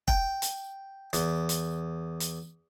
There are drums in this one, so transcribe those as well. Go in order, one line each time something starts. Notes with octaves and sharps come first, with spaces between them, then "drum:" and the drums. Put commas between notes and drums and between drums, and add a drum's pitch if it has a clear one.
G5, drum: kick
drum: hi-hat
E2, drum: hi-hat
drum: hi-hat
drum: hi-hat